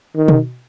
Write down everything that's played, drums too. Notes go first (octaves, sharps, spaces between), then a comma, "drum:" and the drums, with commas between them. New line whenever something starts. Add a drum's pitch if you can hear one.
D#3
drum: tom B2